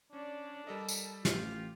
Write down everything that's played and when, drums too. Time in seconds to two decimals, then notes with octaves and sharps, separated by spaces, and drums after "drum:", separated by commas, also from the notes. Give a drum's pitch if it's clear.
0.12 C#4 D4 D5
0.67 G3 A4 A#4 D#5 A5
0.89 drum: tambourine
1.25 A1 F4 G4, drum: snare